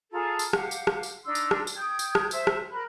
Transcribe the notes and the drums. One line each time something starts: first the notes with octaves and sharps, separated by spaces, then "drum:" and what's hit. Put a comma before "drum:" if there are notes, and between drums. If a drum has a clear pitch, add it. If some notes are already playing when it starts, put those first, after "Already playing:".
F4 G#4 A4 A#5
drum: tambourine
G4 F5 F#5, drum: rim click
drum: tambourine
drum: rim click
drum: tambourine
D4 D#4 C6 E6
drum: tambourine
drum: rim click
drum: tambourine
G5 D#6 G6 G#6
drum: tambourine
drum: rim click
C5 E5 E6, drum: tambourine
drum: rim click
A#4 B5 F#6